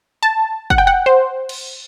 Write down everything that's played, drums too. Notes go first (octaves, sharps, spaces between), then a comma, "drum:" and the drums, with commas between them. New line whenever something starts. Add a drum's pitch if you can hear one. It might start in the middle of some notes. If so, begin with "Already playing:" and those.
A5
F#5, drum: kick
G5
F#5
C5
drum: cymbal